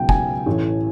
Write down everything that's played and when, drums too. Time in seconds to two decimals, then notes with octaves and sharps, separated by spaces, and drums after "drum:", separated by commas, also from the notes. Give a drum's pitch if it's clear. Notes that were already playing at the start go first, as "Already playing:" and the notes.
Already playing: C#2 B2 F#3 G5
0.09 G#5, drum: kick
0.46 A1 A2 E3